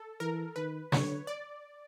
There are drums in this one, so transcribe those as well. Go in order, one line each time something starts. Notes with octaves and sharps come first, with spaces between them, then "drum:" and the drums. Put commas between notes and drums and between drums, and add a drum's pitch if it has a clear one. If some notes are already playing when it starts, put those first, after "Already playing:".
Already playing: A4
E3 A#4
D#3 B4
D3 C#5, drum: snare
D5